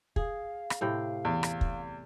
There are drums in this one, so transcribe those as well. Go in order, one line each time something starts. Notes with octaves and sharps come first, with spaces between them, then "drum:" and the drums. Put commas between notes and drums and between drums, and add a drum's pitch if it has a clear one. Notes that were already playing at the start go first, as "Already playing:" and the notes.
G#4 F5, drum: kick
drum: rim click
A2 C3 G5
E2
drum: rim click
drum: kick